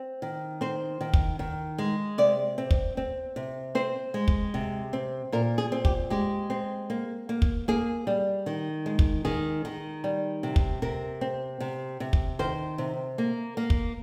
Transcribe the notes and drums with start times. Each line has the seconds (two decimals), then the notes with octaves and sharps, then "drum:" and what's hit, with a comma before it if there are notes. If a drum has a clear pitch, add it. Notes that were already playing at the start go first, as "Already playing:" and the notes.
Already playing: C4
0.22 D#3
0.61 C4 C5
1.01 D#3
1.14 drum: kick
1.39 D#3
1.78 G#3
2.18 C3 D5
2.58 C4
2.71 drum: kick
2.97 C4
3.36 C3
3.75 C4 C5
4.14 G#3
4.28 drum: kick
4.54 C3
4.93 C4
5.32 A#2 A#4
5.58 G#4
5.72 C4
5.85 G4, drum: kick
6.10 G#3 G4
6.50 C4
6.90 A#3
7.29 A#3
7.42 drum: kick
7.68 A#3 G#4
8.07 G3
8.46 D#3
8.86 G#3
8.99 drum: kick
9.25 D#3 G#4
9.65 D#3
10.04 G3
10.43 C3
10.56 drum: kick
10.82 C3 A#4
11.21 C4
11.60 C3
12.00 C3
12.13 drum: kick
12.39 D#3 C5
12.78 C3
13.18 A#3
13.57 A#3
13.70 drum: kick